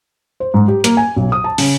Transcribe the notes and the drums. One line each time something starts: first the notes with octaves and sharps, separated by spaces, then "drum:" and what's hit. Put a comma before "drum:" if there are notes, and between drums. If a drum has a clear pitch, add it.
C5
G#2
G4
A#3, drum: hi-hat
G#5
B1
D#6
A5
C#3, drum: open hi-hat